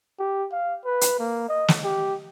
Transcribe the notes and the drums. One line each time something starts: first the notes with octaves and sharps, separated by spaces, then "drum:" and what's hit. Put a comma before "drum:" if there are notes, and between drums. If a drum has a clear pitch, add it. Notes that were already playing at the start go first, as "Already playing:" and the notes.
G4
F5
B4
drum: hi-hat
A#3
D#5
drum: snare
G4